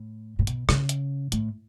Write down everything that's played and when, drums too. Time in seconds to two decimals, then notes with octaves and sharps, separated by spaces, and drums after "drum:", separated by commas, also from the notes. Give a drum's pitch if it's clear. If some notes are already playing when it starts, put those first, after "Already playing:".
Already playing: A2
0.39 A2
0.47 B2, drum: hi-hat
0.69 C#3, drum: rim click
0.89 drum: hi-hat
1.32 A2, drum: hi-hat